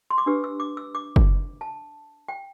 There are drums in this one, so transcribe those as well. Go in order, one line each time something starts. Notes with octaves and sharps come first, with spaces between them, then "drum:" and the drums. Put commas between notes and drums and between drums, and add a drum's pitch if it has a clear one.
C6
D6
D4 G4 B4 E6
E6
D6
E6
D6
drum: kick F#1
A5
G5